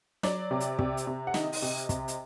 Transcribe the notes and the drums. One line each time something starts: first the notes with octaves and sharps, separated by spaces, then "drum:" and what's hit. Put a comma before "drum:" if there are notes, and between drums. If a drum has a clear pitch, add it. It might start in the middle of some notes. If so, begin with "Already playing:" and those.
F#3 D5, drum: snare
C3
drum: hi-hat
C3, drum: kick
drum: hi-hat
C3
F#5
D#3 D#5, drum: snare
drum: open hi-hat
C3
C3, drum: kick, hi-hat
drum: hi-hat